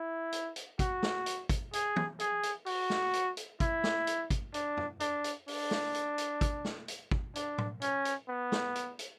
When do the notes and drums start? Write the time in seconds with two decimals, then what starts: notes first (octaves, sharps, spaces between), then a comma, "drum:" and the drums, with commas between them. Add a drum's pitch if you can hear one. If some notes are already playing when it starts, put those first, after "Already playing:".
Already playing: E4
0.32 drum: hi-hat
0.56 drum: hi-hat
0.79 F#4, drum: kick, hi-hat
1.03 drum: snare
1.26 drum: hi-hat
1.49 drum: kick, hi-hat
1.73 G#4, drum: hi-hat
1.96 drum: tom
2.19 G#4, drum: hi-hat
2.43 drum: hi-hat
2.66 F#4, drum: open hi-hat
2.90 drum: snare
3.13 drum: hi-hat
3.37 drum: hi-hat
3.60 E4, drum: kick, hi-hat
3.84 drum: snare
4.07 drum: hi-hat
4.30 drum: kick, hi-hat
4.54 D4, drum: hi-hat
4.77 drum: tom
5.00 D4, drum: hi-hat
5.24 drum: hi-hat
5.48 D4, drum: open hi-hat
5.71 drum: snare
5.94 drum: hi-hat
6.18 drum: hi-hat
6.41 drum: kick, hi-hat
6.65 drum: snare
6.88 drum: hi-hat
7.11 drum: kick
7.35 D4, drum: hi-hat
7.58 drum: tom
7.82 C#4, drum: hi-hat
8.05 drum: hi-hat
8.28 B3
8.52 drum: snare
8.75 drum: hi-hat
8.99 drum: hi-hat